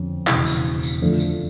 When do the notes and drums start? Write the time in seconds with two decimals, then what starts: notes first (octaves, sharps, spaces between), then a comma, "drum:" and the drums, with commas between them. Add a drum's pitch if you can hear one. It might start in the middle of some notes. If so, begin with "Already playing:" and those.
Already playing: F2 D3 C#4
0.27 E1 E2 C#3 E3, drum: clap
0.46 drum: tambourine
0.83 drum: tambourine
1.02 F2 D3 F3 A3 D4
1.20 drum: tambourine